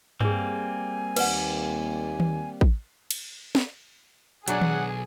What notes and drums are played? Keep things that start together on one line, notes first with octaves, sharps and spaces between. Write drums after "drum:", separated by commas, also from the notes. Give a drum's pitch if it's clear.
G3 A#3 C4 G#4 B4 G#5, drum: tom G2
D#2 B4 D5 F#5, drum: cymbal
drum: tom D#3
drum: kick
drum: cymbal
drum: snare
B1 F#3 D4 G#4 F#5, drum: hi-hat
drum: tom D#3